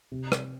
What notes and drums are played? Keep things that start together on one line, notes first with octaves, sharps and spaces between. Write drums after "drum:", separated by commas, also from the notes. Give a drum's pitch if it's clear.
C3
drum: rim click